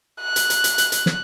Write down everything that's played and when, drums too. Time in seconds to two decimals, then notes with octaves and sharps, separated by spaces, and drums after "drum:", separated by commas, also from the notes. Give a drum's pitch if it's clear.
0.22 F#6
0.36 drum: hi-hat
0.50 drum: hi-hat
0.64 drum: hi-hat
0.78 drum: hi-hat
0.92 drum: hi-hat
1.06 drum: snare